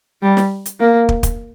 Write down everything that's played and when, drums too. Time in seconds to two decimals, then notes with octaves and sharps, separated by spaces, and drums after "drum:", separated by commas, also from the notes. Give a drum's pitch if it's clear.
0.22 G3
0.37 drum: snare
0.66 drum: hi-hat
0.80 A#3
1.09 drum: kick
1.23 drum: kick, hi-hat